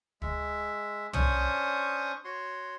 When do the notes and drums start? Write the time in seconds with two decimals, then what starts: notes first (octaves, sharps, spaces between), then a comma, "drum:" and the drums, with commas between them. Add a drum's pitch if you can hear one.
0.22 G#3 E5, drum: kick
1.13 C#4 D4 C5 C#6 D#6, drum: tom
2.25 F#4 C#5 C6